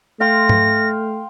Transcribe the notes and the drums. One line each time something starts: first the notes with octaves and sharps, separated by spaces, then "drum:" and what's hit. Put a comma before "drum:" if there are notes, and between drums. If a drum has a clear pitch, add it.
A3 F5 G5 C6 A#6
drum: tom G#2